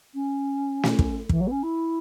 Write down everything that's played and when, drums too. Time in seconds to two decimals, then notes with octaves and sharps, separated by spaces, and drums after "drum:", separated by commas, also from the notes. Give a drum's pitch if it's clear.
0.14 C#4
0.83 drum: snare
0.99 drum: kick
1.29 E3, drum: kick
1.40 F#3
1.47 B3
1.51 C#4
1.63 E4